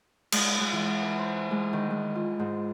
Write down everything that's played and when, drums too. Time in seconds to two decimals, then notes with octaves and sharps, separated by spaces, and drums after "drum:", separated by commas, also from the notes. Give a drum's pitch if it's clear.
0.32 G#3, drum: cymbal
0.60 G#3
0.73 E3
1.02 B4
1.18 C5
1.51 G#3
1.73 D#3
1.90 G#3
2.15 F4
2.39 G#2